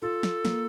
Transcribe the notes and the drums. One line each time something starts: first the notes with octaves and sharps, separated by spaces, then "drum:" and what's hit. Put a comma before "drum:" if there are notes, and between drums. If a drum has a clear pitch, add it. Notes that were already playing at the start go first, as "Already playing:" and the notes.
F4 A4
drum: snare
A#3, drum: snare